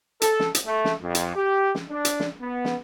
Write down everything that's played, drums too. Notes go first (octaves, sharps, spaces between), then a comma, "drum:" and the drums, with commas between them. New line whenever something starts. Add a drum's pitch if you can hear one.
A4, drum: hi-hat
drum: snare
drum: hi-hat
A3
drum: snare
F2
drum: hi-hat
G4
drum: snare
D4
drum: hi-hat
drum: snare
B3
drum: snare